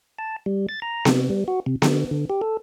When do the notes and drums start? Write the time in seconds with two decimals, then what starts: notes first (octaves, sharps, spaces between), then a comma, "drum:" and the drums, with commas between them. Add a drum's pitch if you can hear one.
0.19 A5
0.46 G3
0.69 A6
0.82 A#5
1.05 C3, drum: snare B3
1.30 G3
1.48 F#4
1.66 C3
1.82 D3, drum: snare B3
2.11 D3
2.30 G4
2.42 A4